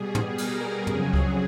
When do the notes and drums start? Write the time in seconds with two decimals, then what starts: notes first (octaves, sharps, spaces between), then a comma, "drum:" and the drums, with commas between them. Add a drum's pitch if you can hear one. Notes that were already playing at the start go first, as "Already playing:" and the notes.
Already playing: B2 G3 G#4
0.15 drum: tom
0.38 A#4, drum: cymbal
0.87 F2 C#3 F#3 G#4, drum: tom
1.14 drum: kick C#2